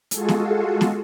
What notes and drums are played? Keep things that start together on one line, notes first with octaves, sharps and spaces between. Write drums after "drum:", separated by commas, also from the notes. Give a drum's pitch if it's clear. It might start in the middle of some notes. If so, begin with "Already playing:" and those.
G#3 F4 F#4 G#4 A4, drum: hi-hat
drum: snare
drum: snare